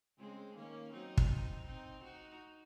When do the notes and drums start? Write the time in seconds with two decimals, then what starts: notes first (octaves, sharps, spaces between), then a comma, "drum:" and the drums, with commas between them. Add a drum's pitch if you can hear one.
0.19 C#3 G#3 C4
0.56 D#3 A#3 C#4
0.93 F#3 C4 D#4
1.17 drum: kick
1.66 C4 D#4
2.03 D#4 F#4